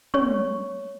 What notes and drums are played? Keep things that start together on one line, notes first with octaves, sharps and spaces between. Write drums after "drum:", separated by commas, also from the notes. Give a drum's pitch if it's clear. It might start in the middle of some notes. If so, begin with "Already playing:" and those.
C#5 C#6, drum: tom